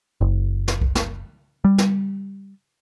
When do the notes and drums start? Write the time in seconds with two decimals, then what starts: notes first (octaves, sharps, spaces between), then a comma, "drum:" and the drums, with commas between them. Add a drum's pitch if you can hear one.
0.21 F#1
0.68 drum: snare
0.82 drum: kick C2
0.95 drum: snare
1.65 G3
1.78 drum: snare